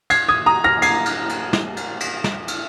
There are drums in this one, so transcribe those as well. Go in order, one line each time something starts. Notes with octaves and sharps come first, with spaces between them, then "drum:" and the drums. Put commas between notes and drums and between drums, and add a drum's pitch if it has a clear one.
G#6 C7, drum: cymbal
D#6 G#6
A#5 D#6
F6 A#6
G#6 C7, drum: cymbal
drum: cymbal
drum: cymbal
drum: snare
drum: cymbal
drum: cymbal
drum: snare
drum: cymbal